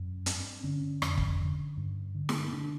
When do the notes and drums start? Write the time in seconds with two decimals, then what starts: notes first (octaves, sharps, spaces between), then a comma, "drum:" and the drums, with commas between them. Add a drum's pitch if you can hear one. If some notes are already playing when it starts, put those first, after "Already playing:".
Already playing: F#2
0.26 G2 C4, drum: hi-hat
0.64 D3 C#4
1.02 F2, drum: rim click
1.18 drum: kick
1.40 D3
1.77 G2
2.15 D3
2.29 drum: snare
2.53 D3 D4